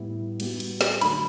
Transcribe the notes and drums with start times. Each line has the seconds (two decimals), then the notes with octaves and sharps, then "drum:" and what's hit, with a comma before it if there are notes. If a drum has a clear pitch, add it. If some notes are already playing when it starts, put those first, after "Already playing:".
Already playing: A2 G3 B3 E4
0.40 G3 B3 F#4, drum: cymbal
0.60 drum: cymbal
0.81 drum: snare
1.01 D3 F#3 A3 B5, drum: cymbal